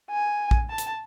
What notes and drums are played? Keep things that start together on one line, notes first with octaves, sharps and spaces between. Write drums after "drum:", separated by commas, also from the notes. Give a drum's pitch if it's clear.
G#5
drum: kick A#1
A5
drum: hi-hat